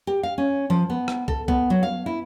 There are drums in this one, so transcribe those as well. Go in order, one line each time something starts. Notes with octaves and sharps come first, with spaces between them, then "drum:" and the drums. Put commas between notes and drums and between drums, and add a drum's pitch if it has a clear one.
G4
F5
C#4
F3
B3
drum: rim click
A4, drum: kick
B3, drum: kick
F#3
F5
E4